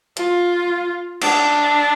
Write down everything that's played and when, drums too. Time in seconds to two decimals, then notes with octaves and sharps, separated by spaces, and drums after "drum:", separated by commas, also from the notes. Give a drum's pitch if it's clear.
0.17 F4, drum: hi-hat
1.22 D4, drum: cymbal